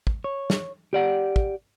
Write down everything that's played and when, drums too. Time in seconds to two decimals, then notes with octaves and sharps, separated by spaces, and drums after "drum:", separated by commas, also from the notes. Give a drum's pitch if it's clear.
0.07 drum: kick
0.24 C#5
0.50 drum: snare
0.93 G4 D5 F#5
1.36 drum: kick